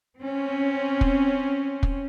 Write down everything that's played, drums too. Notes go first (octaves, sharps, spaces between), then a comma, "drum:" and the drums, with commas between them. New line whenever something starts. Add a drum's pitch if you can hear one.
C4 C#4
drum: kick
drum: kick